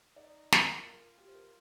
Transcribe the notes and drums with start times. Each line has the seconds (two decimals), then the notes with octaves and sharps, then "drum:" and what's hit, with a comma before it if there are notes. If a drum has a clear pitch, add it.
0.16 D#4 D5
0.52 drum: snare
0.67 F4 C5
0.80 A#4
0.93 A#4
1.18 G4
1.28 C5
1.35 A#4